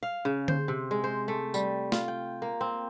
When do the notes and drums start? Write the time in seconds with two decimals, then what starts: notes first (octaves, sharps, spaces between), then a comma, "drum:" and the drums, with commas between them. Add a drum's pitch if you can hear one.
0.03 F5
0.25 C#3
0.48 C5, drum: tom D3
0.68 C3
0.91 G#3
1.04 C5
1.28 A3
1.54 G3, drum: tambourine
1.92 F4, drum: snare
2.08 G5
2.42 A#3
2.61 C4